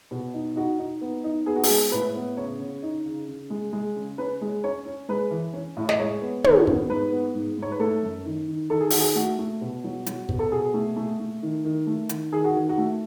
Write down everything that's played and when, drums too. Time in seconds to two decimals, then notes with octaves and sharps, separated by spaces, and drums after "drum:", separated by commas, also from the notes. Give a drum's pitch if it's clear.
0.11 B2
0.34 D#4
0.56 D#4 F#4
0.79 D#4
1.01 B3
1.24 D#4
1.46 B3 G#4
1.56 F#4
1.64 G#4, drum: open hi-hat
1.70 G#3
1.92 A2 B4
2.15 B3
2.37 C#3 C#5
2.60 C#3
2.83 D#4
3.06 C#3
3.28 C#3
3.50 G#3
3.73 G#3
3.96 C#3
4.18 C#4 B4
4.41 G#3
4.64 C#4 C#5
4.86 C#4
5.09 G#3 B4
5.31 E3
5.53 C#4
5.77 A2
5.89 D#5, drum: snare
5.99 G#3 C#5
6.22 B3
6.44 D#3, drum: tom
6.67 B3, drum: kick
6.89 G#2 B4
7.12 B3
7.35 G#2
7.58 G#2 C#5
7.71 B4
7.79 A3 A4
8.03 F#2
8.26 D#3
8.48 D#3
8.70 D#3 A4
8.80 G#4
8.90 D#3 F#4, drum: open hi-hat
9.00 G#4
9.15 A3 F#4
9.39 A3
9.61 B2
9.84 F#3
10.06 F#3, drum: hi-hat
10.29 B2, drum: kick
10.39 A4
10.51 B2 G#4
10.74 A3
10.96 A3
11.20 A3
11.43 D#3
11.64 D#3
11.87 A3
12.09 D#3, drum: hi-hat
12.32 D#3 G#4
12.44 F#4
12.55 D#3
12.69 F#4
12.78 A3